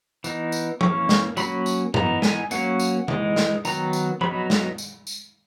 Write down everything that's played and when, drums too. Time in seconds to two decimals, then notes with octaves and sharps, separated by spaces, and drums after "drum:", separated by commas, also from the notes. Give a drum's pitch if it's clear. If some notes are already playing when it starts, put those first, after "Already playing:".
0.24 E3 B3 D#4, drum: tambourine
0.52 drum: tambourine
0.81 E3 A#3 C#4 C#6, drum: tom F3
1.09 drum: snare
1.37 F#3 A#3 C#4 B5, drum: tambourine
1.66 drum: tambourine
1.94 E3 B3 D#4 A#5, drum: tom G#2
2.22 G#5, drum: snare
2.51 F#3 A#3 C#4 F#5, drum: tambourine
2.80 drum: tambourine
3.08 E3 G#3 D#4, drum: tom D3
3.36 drum: snare
3.65 D#3 F#3 B3 A#5, drum: tambourine
3.93 drum: tambourine
4.21 F#3 B3 D#4 B5, drum: tom F3
4.50 drum: snare
4.78 drum: tambourine
5.07 drum: tambourine